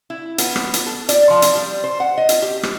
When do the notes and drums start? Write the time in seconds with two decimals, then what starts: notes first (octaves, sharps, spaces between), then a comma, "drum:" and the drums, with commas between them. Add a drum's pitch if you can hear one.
0.10 E4
0.38 B3, drum: hi-hat
0.56 drum: rim click
0.74 B3, drum: hi-hat
0.86 A4
1.09 D5, drum: hi-hat
1.30 F3
1.42 drum: hi-hat
1.55 G3
1.84 C5
2.00 F#5
2.18 D#5
2.29 drum: hi-hat
2.42 G4
2.63 drum: rim click